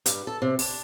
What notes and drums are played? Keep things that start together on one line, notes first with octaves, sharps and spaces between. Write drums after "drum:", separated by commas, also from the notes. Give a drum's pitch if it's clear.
G2, drum: hi-hat
A4
C3
D4, drum: open hi-hat